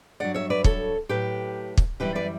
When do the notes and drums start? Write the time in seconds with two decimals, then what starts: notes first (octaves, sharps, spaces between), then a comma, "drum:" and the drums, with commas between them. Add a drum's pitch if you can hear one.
0.20 G2 F#3 D5 F#5
0.34 C#5 E5
0.50 B4 D5
0.64 A4 C#5, drum: kick
1.09 A2 F#3 G4 B4
1.77 drum: kick
2.00 F#2 E3 G3 G4 B4
2.15 B4 D5